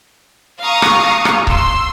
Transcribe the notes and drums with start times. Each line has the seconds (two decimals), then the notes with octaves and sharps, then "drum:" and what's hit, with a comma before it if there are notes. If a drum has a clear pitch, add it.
0.61 F5 A#5 C#6 D#6
0.82 drum: rim click
1.25 drum: rim click
1.47 C6 E6, drum: kick C#1